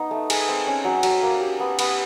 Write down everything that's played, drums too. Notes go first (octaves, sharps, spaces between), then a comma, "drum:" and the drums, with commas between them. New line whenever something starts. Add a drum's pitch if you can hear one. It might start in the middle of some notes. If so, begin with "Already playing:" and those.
Already playing: B3 D#4
A3
G#4, drum: cymbal
C4
C#4
F#3
F#3, drum: cymbal
A#3
G4
B3
B3, drum: cymbal